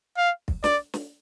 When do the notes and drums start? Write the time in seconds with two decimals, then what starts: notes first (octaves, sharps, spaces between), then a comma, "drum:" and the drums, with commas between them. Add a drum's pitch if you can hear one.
0.17 F5
0.48 drum: kick
0.64 D5, drum: snare
0.94 drum: snare